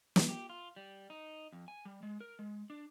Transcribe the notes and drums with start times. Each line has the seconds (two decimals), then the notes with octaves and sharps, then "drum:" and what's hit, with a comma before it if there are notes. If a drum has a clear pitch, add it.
0.16 A#2, drum: snare
0.29 G4
0.49 F4
0.76 G3
1.10 D#4
1.52 F2
1.68 G#5
1.85 G3
2.03 G#3
2.21 A#4
2.39 G#3
2.70 D4